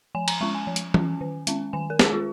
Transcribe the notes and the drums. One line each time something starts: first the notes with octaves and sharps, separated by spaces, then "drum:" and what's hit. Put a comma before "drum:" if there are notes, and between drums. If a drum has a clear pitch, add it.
F3 G#5
A#5, drum: cymbal
G#3 C#4 C#6
G#5
F3
drum: hi-hat
C#4, drum: tom E3
D#3
G#3 C#4, drum: hi-hat
D#3 G#5
A#4
G#3 C#4 G#4, drum: snare
F4